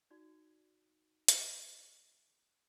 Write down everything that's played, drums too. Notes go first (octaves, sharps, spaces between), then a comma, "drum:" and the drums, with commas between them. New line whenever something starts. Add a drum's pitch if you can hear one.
D#4 F#4 D5
drum: hi-hat